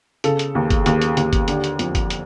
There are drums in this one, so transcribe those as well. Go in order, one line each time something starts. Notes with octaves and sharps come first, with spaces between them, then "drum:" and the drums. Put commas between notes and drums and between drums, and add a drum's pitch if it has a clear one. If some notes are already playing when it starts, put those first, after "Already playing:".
C#3 A4, drum: hi-hat
drum: hi-hat
D#2
drum: kick, hi-hat
D#2, drum: hi-hat
drum: hi-hat
D#2, drum: hi-hat
drum: kick, hi-hat
D3 G4, drum: hi-hat
drum: hi-hat
F2, drum: hi-hat
drum: kick, hi-hat
drum: hi-hat